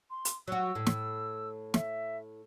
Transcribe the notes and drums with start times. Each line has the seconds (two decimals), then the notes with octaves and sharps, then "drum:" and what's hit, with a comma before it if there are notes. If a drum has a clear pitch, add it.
0.10 C6
0.25 drum: hi-hat
0.48 F#3 F#4 E6
0.75 A2
0.87 drum: snare
1.74 E5, drum: snare